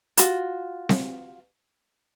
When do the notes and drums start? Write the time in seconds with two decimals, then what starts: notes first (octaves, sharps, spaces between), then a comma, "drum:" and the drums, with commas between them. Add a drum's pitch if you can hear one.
0.17 F4 F#4, drum: hi-hat
0.89 drum: snare C4